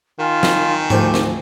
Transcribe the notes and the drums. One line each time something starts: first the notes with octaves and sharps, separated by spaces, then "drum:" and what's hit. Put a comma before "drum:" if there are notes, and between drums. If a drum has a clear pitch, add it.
D#3 F4 G#5
drum: snare
D2 F3 F#4 G4, drum: tom G#2
drum: snare